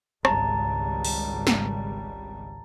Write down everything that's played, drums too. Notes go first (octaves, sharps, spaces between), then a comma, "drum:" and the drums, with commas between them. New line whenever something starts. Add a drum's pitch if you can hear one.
G#1 C#2 G3 A5 A#5 A6, drum: rim click
drum: open hi-hat
drum: snare